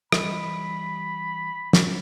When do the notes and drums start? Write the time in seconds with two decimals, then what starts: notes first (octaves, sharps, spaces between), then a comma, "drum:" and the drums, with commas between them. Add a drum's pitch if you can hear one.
0.12 E3 G3 D#5 B5, drum: rim click
1.73 drum: snare